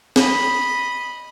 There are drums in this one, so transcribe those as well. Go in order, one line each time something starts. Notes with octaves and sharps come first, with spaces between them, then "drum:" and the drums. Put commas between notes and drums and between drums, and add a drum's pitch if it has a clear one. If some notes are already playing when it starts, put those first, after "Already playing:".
D#5 B5, drum: snare